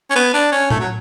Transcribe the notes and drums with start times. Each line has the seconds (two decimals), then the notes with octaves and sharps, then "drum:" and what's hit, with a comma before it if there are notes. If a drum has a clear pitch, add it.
0.10 C#4
0.15 B3
0.33 D4
0.52 C#4
0.70 A3, drum: tom A2
0.80 F#3